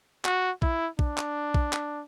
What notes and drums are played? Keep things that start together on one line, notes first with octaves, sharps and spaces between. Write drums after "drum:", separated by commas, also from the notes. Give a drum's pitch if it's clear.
F#4, drum: clap
E4, drum: kick A#1
D4, drum: kick A#1
drum: clap
drum: kick A#1
drum: clap